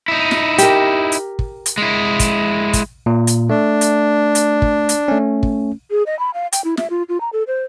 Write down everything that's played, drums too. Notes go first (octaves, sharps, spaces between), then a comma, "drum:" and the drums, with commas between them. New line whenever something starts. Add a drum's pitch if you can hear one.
D#4 E4
drum: snare
G4 A#4, drum: hi-hat
drum: hi-hat
drum: kick
drum: hi-hat
G#3 E4
drum: kick, hi-hat
drum: kick, hi-hat
A#2
drum: hi-hat
A3 D4
drum: hi-hat
drum: hi-hat
drum: kick
drum: hi-hat
A3 C#4
drum: kick
G#4
D#5
B5
F5
G5, drum: hi-hat
E4
E5, drum: snare
F4
F4
A#5
A4
C5